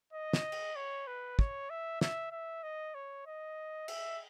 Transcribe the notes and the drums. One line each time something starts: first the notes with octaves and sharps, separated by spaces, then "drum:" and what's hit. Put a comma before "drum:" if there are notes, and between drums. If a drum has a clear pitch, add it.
D#5
drum: snare
drum: cymbal
C#5
B4
C#5, drum: kick
E5
E5, drum: snare
E5
D#5
C#5
D#5
E5, drum: cymbal